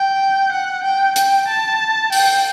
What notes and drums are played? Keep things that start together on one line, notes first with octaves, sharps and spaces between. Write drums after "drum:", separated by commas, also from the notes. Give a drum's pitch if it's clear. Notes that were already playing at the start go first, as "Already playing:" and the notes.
Already playing: G5
F#5
G5
G5, drum: hi-hat
A5
G5, drum: open hi-hat